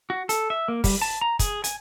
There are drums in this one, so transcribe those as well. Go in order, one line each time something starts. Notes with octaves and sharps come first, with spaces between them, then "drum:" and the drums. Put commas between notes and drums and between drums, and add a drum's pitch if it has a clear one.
F#4
A4, drum: hi-hat
E5
A#3
G3, drum: kick, open hi-hat
A5
A#5
G#4, drum: kick, hi-hat
G#5, drum: hi-hat